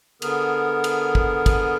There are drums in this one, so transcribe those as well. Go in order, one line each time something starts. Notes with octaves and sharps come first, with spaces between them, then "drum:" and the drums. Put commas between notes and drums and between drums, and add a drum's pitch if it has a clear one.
D3 B3 G#4 A#4, drum: cymbal
drum: cymbal
drum: kick
drum: kick, cymbal